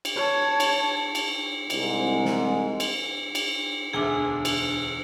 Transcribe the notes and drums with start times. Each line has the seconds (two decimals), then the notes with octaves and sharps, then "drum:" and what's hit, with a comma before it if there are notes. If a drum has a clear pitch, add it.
0.05 drum: cymbal
0.16 C#5 A5
0.60 drum: cymbal
1.15 drum: cymbal
1.70 C2 G#2, drum: cymbal
2.25 drum: snare
2.80 drum: cymbal
3.35 drum: cymbal
3.93 E1 D2 G#4 G#5 D6
4.45 drum: cymbal